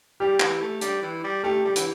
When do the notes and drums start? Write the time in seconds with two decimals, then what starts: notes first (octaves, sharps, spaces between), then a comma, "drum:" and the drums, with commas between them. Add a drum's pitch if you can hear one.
0.20 G3 G4
0.40 E3, drum: clap
0.62 A3
0.81 G3, drum: hi-hat
1.02 E3
1.24 G3
1.43 A3 G4
1.65 G3
1.76 E3, drum: hi-hat